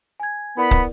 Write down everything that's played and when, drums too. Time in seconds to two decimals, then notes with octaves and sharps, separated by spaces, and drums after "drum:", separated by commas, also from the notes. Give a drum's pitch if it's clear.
0.20 G#5 G#6
0.57 B3 E4 A#4 D5 B5
0.71 drum: kick